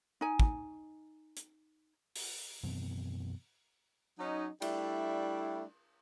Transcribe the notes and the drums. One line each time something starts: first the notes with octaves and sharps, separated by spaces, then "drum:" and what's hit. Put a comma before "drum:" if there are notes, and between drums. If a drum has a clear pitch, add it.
D#4 G#5
drum: kick
drum: hi-hat
drum: open hi-hat
F#2 B2 E3 C4
F#3 C#4 D#4
G3 A3 D4 E4, drum: cymbal